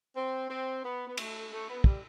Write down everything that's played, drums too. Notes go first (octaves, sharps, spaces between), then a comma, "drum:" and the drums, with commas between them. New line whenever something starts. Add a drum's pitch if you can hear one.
C4
C4
B3
B3
A3, drum: cymbal
A3
B3
G3, drum: kick